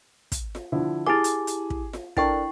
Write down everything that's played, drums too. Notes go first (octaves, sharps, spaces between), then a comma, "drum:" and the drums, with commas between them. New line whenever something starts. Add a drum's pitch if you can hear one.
drum: kick, hi-hat
drum: snare F4
D3 F3 E4
E4 G4 G#4 D6
drum: hi-hat
drum: hi-hat
drum: kick
drum: snare F4
D4 E4 A4 A#4 G5 C#6, drum: kick